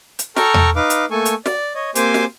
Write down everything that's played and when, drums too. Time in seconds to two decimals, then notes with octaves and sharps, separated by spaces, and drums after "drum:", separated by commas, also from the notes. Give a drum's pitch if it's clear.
0.19 drum: hi-hat
0.37 A4 G5 A#5 C#6 F6, drum: snare
0.54 drum: tom E2
0.76 D#4 B4 F5 D6
0.90 drum: hi-hat
1.11 A3 A#3 A4 G#5 C#6
1.25 drum: hi-hat
1.46 D5, drum: snare
1.75 C#5 D#5
1.95 A#3 C4 G4 C5 G#5 D6, drum: hi-hat
2.14 drum: snare